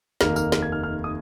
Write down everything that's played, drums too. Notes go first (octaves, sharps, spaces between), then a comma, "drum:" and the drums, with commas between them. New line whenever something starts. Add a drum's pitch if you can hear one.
F1 D#2 D#3 A#3 D#4 F6, drum: snare
F6, drum: tambourine
F6, drum: snare
G#6
F6
F6
D#6